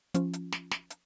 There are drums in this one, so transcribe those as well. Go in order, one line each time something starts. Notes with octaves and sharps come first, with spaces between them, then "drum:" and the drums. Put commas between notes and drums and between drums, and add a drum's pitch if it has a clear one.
F3 C#4 F4, drum: hi-hat
drum: hi-hat
drum: snare
drum: snare
drum: hi-hat